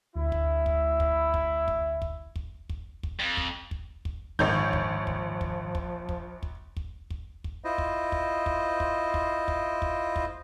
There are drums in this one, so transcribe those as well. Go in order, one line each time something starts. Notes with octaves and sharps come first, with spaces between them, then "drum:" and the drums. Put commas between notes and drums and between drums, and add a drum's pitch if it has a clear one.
D2 E4
drum: kick
drum: kick
drum: kick
drum: kick
drum: kick
drum: kick
drum: kick
drum: kick
drum: kick
F2
drum: kick
drum: kick
drum: kick
A#1 G#2 D#3 F3 C#5 G6, drum: kick
drum: kick
drum: kick
drum: kick
drum: kick
drum: kick
drum: kick
drum: kick
drum: kick
drum: kick
E4 F4 C5 D#5
drum: kick
drum: kick
drum: kick
drum: kick
drum: kick
drum: kick
drum: kick
drum: kick